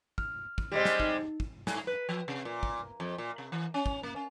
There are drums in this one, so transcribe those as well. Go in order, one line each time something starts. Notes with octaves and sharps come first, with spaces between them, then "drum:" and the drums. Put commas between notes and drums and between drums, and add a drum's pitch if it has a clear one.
F6, drum: kick
drum: kick
G3 G#3 C4 G4 D#5
drum: snare
D#4, drum: kick
drum: kick
G#2, drum: snare
B4
F3
C3
A#2
drum: kick
F2
A#2
C3
E3
C#4
drum: kick
A#3
C#4